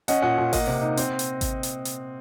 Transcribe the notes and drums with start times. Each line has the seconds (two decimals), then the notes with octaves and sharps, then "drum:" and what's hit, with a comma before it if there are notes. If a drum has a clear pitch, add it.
0.08 C#4 D#5 F#5, drum: hi-hat
0.22 A#2 D#5 F#5
0.38 A#2
0.53 A#3 D#5 F#5, drum: kick G#1, open hi-hat
0.67 C3
0.82 D#4
0.97 C4, drum: hi-hat
1.19 drum: hi-hat
1.41 drum: kick G#1, hi-hat
1.63 drum: hi-hat
1.85 drum: hi-hat